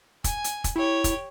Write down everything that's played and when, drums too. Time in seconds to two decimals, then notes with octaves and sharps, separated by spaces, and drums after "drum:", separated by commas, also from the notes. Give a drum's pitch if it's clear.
0.24 G#5, drum: kick, hi-hat
0.44 drum: hi-hat
0.64 drum: kick, hi-hat
0.76 E4 G4 C#5
1.04 drum: kick, hi-hat